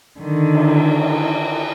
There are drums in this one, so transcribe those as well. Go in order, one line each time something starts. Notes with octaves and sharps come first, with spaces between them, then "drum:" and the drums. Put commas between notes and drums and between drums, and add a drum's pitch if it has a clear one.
D3 D#3
drum: cymbal
drum: cymbal